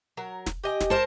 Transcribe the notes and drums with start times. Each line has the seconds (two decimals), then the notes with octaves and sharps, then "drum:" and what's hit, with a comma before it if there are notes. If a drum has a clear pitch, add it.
0.17 F#3 A#4
0.46 drum: snare
0.63 G4 D#5 G#5
0.81 drum: snare
0.90 A#4 C5 A5